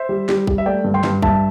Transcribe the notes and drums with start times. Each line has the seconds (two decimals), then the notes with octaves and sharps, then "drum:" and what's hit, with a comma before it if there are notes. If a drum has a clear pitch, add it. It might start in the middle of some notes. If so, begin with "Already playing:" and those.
Already playing: C5 E5
0.09 G3
0.29 G3, drum: snare
0.47 G3, drum: kick A1
0.58 E5
0.66 A3 D5 G5
0.84 G2
0.94 G5 C6
1.03 G2, drum: snare
1.22 G2 E5 A5, drum: kick A1